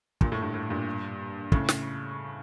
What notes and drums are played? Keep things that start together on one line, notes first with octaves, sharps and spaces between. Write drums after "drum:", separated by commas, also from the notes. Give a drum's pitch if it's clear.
G2 A#2, drum: kick
A2
G2
A2
G2 A#2
A2 C#3, drum: kick
drum: snare